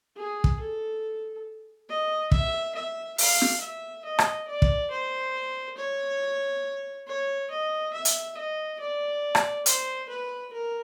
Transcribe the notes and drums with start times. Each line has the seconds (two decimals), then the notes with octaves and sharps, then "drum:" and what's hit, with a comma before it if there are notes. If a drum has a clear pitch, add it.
0.16 G#4
0.44 drum: kick
0.60 A4
1.89 D#5
2.32 E5, drum: kick
2.75 E5
3.18 F5, drum: open hi-hat
3.41 drum: snare
3.61 E5
4.05 D#5
4.19 drum: rim click
4.48 D5
4.62 drum: kick
4.90 C5
5.77 C#5
7.07 C#5
7.51 D#5
7.93 E5
8.05 drum: hi-hat
8.37 D#5
8.80 D5
9.35 drum: rim click
9.66 C5, drum: hi-hat
10.09 B4
10.53 A#4